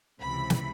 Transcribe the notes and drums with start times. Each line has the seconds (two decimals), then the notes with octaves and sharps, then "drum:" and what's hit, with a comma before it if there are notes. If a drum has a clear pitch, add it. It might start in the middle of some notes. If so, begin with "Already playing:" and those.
0.21 C#2 C3 E3 B5
0.50 drum: snare